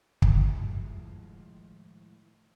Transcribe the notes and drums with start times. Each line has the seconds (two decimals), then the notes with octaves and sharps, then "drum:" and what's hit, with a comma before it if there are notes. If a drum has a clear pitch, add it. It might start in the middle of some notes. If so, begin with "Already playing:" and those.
0.22 A2 D#3 F3 G#3 E4 A5, drum: kick